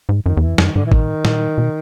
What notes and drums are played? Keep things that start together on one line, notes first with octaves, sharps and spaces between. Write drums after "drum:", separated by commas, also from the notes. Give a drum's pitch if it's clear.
G#2
F#2 D#3
E2
F2 E3
F#2 D#3, drum: snare
G#2 D3
A#2 E3
A2 D#3, drum: kick G#1
A#2, drum: snare
B2